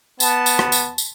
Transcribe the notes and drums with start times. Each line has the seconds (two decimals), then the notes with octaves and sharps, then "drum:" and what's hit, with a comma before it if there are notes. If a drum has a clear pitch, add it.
0.20 B3 A5, drum: tambourine
0.46 drum: tambourine
0.59 drum: rim click
0.72 drum: tambourine
0.98 drum: tambourine